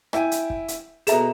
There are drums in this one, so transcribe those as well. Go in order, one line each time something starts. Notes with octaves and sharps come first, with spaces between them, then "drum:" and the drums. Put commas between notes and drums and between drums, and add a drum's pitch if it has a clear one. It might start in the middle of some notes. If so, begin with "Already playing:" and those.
E4 G5 G#5, drum: rim click
drum: hi-hat
drum: kick
drum: hi-hat
B2 G#4 A4 E5 A#5 E7, drum: hi-hat